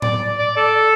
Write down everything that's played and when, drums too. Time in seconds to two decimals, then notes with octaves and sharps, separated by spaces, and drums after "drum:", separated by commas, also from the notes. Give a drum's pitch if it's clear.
0.02 D5, drum: tom A2
0.38 D5
0.57 A4